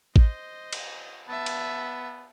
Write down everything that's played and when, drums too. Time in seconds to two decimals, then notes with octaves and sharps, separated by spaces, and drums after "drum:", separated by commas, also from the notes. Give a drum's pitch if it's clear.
0.16 C5 D#5, drum: kick A1
0.73 drum: cymbal
1.29 B3 E5 A5
1.46 drum: cymbal